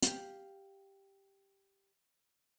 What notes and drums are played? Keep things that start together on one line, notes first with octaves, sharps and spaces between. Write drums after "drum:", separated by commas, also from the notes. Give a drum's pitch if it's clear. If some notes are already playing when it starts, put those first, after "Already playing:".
G4 F5, drum: hi-hat